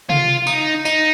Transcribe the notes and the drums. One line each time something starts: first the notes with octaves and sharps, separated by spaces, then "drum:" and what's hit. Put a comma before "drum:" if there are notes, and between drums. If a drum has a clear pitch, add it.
F4, drum: tom C3
D#4, drum: tambourine
D#4, drum: tambourine